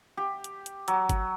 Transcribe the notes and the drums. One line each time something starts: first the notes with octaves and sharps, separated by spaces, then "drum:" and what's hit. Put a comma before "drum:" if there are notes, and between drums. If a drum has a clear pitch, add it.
G4
drum: hi-hat
drum: hi-hat
F#3, drum: hi-hat
drum: kick G1, hi-hat